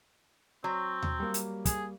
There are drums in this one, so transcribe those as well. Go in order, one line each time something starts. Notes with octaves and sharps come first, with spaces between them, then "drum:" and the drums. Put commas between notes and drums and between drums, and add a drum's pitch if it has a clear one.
F#3 C4
drum: tom D#2
G3 A#3
drum: hi-hat
G#4, drum: kick, hi-hat